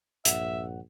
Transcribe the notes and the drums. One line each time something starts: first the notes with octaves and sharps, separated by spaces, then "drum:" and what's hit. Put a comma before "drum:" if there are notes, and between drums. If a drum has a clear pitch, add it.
A#1 G2 E5 F#5, drum: hi-hat